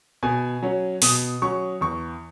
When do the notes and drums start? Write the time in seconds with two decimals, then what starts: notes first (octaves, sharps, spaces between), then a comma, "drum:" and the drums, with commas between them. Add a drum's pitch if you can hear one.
0.23 B2 G#5
0.62 F#3 C#4
1.02 B2 D#6, drum: open hi-hat
1.42 F#3 C#4 C#6
1.81 E2 C#6